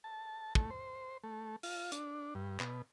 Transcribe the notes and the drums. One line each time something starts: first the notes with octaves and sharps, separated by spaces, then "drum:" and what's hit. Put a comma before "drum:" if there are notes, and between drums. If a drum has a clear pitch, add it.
A5
A3, drum: kick
C5
A3
F4, drum: open hi-hat
D4, drum: hi-hat
G2
B2, drum: clap